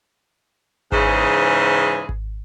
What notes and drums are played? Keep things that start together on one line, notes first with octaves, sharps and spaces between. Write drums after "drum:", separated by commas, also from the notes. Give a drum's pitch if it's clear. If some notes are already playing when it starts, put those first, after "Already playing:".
G#2 C#3 E3 G#4 C5, drum: kick G#1
drum: kick G#1